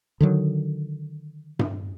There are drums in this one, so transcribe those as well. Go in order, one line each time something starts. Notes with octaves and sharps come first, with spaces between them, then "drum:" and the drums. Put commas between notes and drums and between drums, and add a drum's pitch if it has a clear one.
D3 D#3 F#3
drum: tom G2